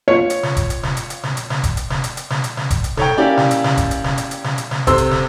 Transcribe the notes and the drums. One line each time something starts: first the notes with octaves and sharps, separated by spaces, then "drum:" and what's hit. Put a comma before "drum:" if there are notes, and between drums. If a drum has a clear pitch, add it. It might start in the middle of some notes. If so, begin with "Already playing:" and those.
F4 C#5
drum: hi-hat
drum: snare
drum: kick E1, hi-hat
drum: hi-hat
drum: snare
drum: hi-hat
drum: hi-hat
drum: snare
drum: hi-hat
drum: snare
drum: kick E1, hi-hat
drum: hi-hat
drum: snare
drum: hi-hat
drum: hi-hat
drum: snare
drum: hi-hat
drum: snare
drum: kick E1, hi-hat
drum: hi-hat
A4 C#5 G5, drum: snare
A#3 C#4 E4 G4 D5
drum: snare
drum: hi-hat
drum: snare
drum: kick E1, hi-hat
drum: hi-hat
drum: snare
drum: hi-hat
drum: hi-hat
drum: snare
drum: hi-hat
drum: snare
C3 C4 A4 C6 E6, drum: kick E1, hi-hat
drum: hi-hat
drum: snare